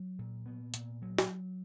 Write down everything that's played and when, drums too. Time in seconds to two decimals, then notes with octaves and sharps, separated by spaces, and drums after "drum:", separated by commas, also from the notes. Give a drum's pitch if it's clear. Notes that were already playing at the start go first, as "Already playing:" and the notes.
Already playing: F#3
0.19 A#2
0.46 B3
0.74 A#2, drum: hi-hat
1.02 F#3
1.18 drum: snare